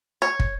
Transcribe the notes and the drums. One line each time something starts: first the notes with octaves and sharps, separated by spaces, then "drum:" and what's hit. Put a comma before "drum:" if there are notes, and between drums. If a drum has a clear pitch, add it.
C#5
drum: kick